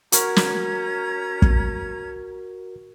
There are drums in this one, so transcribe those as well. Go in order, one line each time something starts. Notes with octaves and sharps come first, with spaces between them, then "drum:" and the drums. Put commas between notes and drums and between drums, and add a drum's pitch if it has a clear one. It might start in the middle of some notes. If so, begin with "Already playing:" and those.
C#4 F#4 A#4 A#5 C#6 G#6, drum: hi-hat
drum: snare
drum: kick